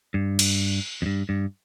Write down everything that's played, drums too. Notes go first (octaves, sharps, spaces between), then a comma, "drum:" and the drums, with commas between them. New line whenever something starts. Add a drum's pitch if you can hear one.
G2
drum: cymbal
F2
G2
G2